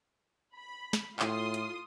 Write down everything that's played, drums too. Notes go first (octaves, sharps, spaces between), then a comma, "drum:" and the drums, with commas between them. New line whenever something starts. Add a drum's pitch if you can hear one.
B5
drum: snare
A2 F4 C6 D#6, drum: clap
drum: hi-hat